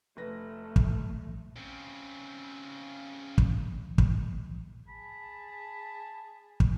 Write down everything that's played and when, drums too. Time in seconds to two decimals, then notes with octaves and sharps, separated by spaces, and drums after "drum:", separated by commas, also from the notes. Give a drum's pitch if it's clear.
0.17 F1 A3 B4 A#6
0.76 drum: kick
1.56 C#3 C4
3.38 drum: kick
3.98 drum: kick
4.88 G#4 A5 B5
6.60 drum: kick